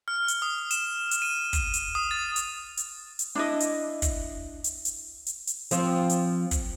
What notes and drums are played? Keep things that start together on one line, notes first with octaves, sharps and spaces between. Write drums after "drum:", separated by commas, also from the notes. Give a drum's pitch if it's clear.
F6
drum: hi-hat
D#6
E7, drum: hi-hat
drum: hi-hat
D#7
drum: kick, hi-hat
drum: hi-hat
D#6
A6
drum: hi-hat
drum: hi-hat
drum: hi-hat
D4 E4 D#5
drum: hi-hat
drum: kick, hi-hat
drum: hi-hat
drum: hi-hat
drum: hi-hat
drum: hi-hat
F3 C4, drum: hi-hat
drum: hi-hat
drum: kick, hi-hat